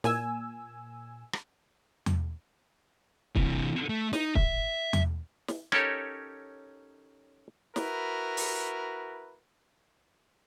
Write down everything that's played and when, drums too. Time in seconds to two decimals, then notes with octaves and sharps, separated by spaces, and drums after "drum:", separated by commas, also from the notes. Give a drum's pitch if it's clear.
0.04 A#2 G#5 E6, drum: snare
1.33 drum: rim click
2.06 drum: tom E2
3.36 C3 E3, drum: kick
3.89 A3
4.13 D#4, drum: snare
4.35 E5, drum: kick
4.93 drum: tom E2
5.48 drum: snare
5.72 C#4 D#4 G4 A4 A#4 C#5, drum: rim click
7.76 E4 F#4 A#4 B4, drum: snare
8.37 drum: open hi-hat